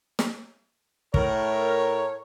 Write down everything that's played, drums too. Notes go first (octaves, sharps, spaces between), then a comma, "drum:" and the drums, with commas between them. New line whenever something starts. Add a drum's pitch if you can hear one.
drum: snare
A2 A3 A#4 C#5, drum: kick